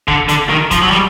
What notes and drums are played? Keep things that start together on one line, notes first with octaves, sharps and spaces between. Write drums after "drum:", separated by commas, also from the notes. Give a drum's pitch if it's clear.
D3, drum: kick F#1
D3, drum: hi-hat
D#3
F3, drum: kick F#1, hi-hat
F#3
G3, drum: snare